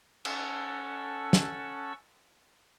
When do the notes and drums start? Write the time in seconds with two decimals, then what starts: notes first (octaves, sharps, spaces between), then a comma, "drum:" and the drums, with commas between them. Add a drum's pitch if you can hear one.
0.25 C#4 A4 F#5 A5 C#6 E6, drum: cymbal
1.33 drum: snare